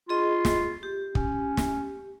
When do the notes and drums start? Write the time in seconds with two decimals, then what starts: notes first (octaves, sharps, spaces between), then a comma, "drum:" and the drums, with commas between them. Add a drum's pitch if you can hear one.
0.09 F4 G#4 D#5
0.45 drum: snare
0.83 G4
1.15 C#4, drum: kick
1.57 drum: snare